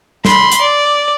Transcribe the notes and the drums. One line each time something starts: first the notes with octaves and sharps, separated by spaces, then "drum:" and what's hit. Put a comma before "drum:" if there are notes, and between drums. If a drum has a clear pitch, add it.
B5 C6, drum: snare
drum: hi-hat
D5